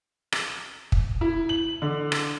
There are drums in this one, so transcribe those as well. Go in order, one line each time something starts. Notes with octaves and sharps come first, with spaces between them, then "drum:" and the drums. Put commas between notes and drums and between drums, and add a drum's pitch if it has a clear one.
drum: rim click
drum: kick
E4
F#7
D3
drum: rim click